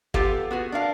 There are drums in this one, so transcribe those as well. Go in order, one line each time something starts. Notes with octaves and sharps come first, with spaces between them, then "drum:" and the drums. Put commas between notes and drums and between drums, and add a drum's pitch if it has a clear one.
B3 F4 G4 A4 F5, drum: kick
B3 F#4 G#4
D4 A#4 F5